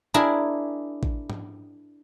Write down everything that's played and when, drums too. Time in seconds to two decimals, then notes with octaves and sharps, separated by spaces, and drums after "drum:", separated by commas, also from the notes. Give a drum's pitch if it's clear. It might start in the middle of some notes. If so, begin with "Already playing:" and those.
0.14 D4 E4 G#4 A#4
1.03 drum: kick A1
1.30 drum: tom G#2